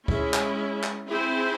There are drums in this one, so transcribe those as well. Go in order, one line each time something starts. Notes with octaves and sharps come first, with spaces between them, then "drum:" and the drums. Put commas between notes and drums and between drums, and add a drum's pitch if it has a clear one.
G#3 C#4 E4, drum: kick C#2
drum: clap
drum: clap
C4 E4 G#4 C5